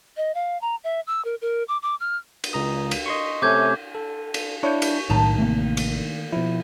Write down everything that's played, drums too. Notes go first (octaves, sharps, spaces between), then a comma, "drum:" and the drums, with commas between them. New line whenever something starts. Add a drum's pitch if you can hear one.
D#5
F5
A#5
E5
E6
A#4
A#4
D6
D6
F6
drum: cymbal
C#2 A#5 D#6
drum: cymbal
D#5 C6 C#6
C3 A3 C#4 D6 G6 G#6
A4
drum: cymbal
D4 E4 C#5 C#6 G6
drum: cymbal
B1 A2 D#3 A5 A#5
A1 C3 A3 A#3
drum: cymbal
B2 F3 E4